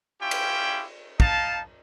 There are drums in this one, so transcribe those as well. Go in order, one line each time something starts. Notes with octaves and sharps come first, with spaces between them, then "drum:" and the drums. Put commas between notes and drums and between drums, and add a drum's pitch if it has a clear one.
C#4 E4 F4 G4 G5
drum: cymbal
D#4 D#5 F5 A5, drum: kick